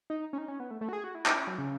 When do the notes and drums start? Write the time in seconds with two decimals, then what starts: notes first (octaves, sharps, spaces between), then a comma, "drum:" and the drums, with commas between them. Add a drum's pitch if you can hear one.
0.10 D#4
0.33 C#4
0.38 D#4
0.48 C#4
0.60 B3
0.71 A3
0.81 A3
0.89 F#4
0.93 G#4
1.04 F#4
1.15 E4
1.26 D#4, drum: clap
1.36 C#4
1.47 F#3
1.58 C#3